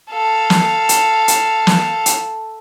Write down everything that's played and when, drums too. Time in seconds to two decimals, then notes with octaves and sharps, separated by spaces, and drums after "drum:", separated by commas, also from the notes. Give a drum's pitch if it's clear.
0.11 A4 F5
0.50 drum: snare
0.89 drum: hi-hat
1.28 drum: hi-hat
1.67 drum: snare
2.06 drum: hi-hat